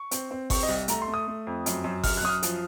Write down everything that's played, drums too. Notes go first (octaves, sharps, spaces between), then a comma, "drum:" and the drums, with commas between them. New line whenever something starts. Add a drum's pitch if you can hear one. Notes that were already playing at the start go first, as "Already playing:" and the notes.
Already playing: C#6
C4, drum: hi-hat
C4
C4 C#6, drum: kick G1, open hi-hat
D#5
C2
A3 A#5, drum: hi-hat
C6
A3
D#6
A3
F2
F#2, drum: hi-hat
F#2
F#2 F6, drum: kick G1, open hi-hat
F#6
F#2 D#6
F6
F3, drum: hi-hat